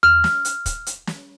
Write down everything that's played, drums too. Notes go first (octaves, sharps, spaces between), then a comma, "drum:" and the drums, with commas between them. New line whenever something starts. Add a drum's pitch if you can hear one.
F6, drum: tom E2
drum: snare
drum: hi-hat
drum: kick, hi-hat
drum: hi-hat
drum: snare